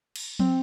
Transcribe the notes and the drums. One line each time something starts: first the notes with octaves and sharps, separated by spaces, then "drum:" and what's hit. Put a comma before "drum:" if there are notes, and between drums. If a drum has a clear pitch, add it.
drum: cymbal
C4, drum: tom F3